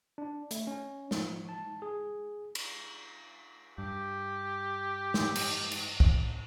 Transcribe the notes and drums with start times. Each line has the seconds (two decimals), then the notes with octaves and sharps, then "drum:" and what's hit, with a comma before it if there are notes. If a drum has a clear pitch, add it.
0.18 D4
0.51 A3, drum: hi-hat
0.67 C#4
1.11 F3, drum: snare
1.49 A5
1.82 G#4
2.55 drum: cymbal
3.78 G2 G4
5.14 drum: snare
5.35 drum: cymbal
5.71 drum: cymbal
6.00 drum: kick